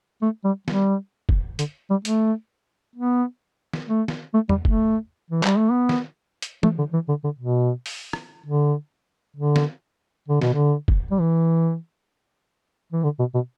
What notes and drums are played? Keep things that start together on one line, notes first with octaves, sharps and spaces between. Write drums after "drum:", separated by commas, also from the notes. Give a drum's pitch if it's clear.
A3
G3
G3, drum: snare
drum: kick
D3, drum: hi-hat
G3
A3, drum: hi-hat
B3
drum: snare
A3
drum: snare
A3
G3, drum: tom
A3, drum: kick
E3
G3, drum: clap
A3
B3
drum: snare
drum: hi-hat
A3, drum: tom E3
D3
E3
D3
D3
B2
drum: open hi-hat
drum: rim click
D3
D3
drum: snare
D3
B2, drum: snare
D3
drum: kick
G3
E3
E3
D3
B2
B2